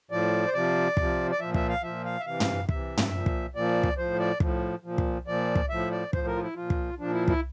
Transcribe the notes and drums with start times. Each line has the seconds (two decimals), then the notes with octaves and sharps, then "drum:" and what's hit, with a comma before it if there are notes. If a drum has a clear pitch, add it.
0.11 A2 F3 D5
0.46 C5
0.54 C3 F3 D5
0.97 C3 F3, drum: kick
1.31 D5
1.39 A#2 F3 E5
1.54 E5, drum: kick
1.69 F5
1.82 A#2 F3 E5
2.05 F5
2.20 E5
2.26 C3 E3 F5
2.40 drum: tom
2.69 C3 E3 E5, drum: kick
2.97 drum: tom
3.12 A#2 F3
3.26 drum: kick
3.55 A#2 F3 D5
3.83 drum: kick
3.97 A2 F3 C5
4.19 D5
4.40 A2 F3, drum: kick
4.84 A#2 F3
4.98 drum: kick
5.27 A#2 F3 D5
5.55 drum: kick
5.69 A2 F3 E5
5.91 D5
6.13 A2 F3 C5, drum: kick
6.27 A#4
6.36 F4
6.42 E4
6.55 A#2 F3 F4
6.70 drum: kick
6.99 A#2 F3 D4
7.13 E4
7.28 E4, drum: kick